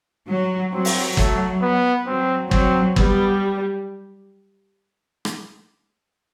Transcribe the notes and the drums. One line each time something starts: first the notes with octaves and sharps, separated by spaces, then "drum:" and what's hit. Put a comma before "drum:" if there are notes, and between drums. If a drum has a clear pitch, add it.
F#3
F#3 C4
drum: open hi-hat
A3, drum: kick
B3
F#3 C4
F#3 C4, drum: kick
G3 B3, drum: kick
drum: rim click